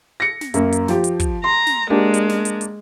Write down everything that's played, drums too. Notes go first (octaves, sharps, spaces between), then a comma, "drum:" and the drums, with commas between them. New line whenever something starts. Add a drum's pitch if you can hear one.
A#6 C#7
drum: snare
F#2 A#3, drum: hi-hat
drum: hi-hat
F3 G4, drum: snare
drum: hi-hat
drum: kick, hi-hat
A#5 C6
drum: snare
G#3 A#3 D4 G4
drum: hi-hat
drum: snare
drum: hi-hat
drum: hi-hat